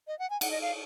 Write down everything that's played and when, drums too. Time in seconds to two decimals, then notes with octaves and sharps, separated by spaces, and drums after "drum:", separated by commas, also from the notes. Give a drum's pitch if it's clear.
0.08 D#5
0.19 F#5
0.30 G#5
0.41 F#5, drum: cymbal
0.51 D#5
0.62 F5